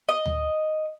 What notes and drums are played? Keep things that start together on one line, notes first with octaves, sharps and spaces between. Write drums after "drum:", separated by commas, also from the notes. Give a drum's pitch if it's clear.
D#5
drum: tom D2